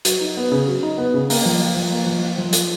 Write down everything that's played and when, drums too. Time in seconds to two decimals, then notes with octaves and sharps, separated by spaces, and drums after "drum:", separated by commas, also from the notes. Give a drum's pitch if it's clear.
0.05 F#3, drum: hi-hat
0.21 D#4
0.37 B3
0.52 C#3
0.67 F#3
0.83 D#4
0.98 B3
1.14 C#3
1.30 A#3, drum: open hi-hat
1.45 F3
1.60 F4
1.76 F3
1.92 A#3
2.06 F3
2.23 F4
2.38 F3
2.53 F4, drum: hi-hat